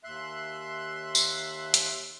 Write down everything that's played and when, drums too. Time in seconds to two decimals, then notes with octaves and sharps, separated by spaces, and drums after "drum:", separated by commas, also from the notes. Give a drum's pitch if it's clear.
0.04 D#2 E5 C6 F#6
1.15 drum: tambourine
1.74 drum: hi-hat